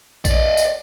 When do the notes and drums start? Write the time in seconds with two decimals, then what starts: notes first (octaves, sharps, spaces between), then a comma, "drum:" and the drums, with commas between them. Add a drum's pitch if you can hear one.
0.25 D5 D#5, drum: kick A#1, tambourine
0.57 drum: tambourine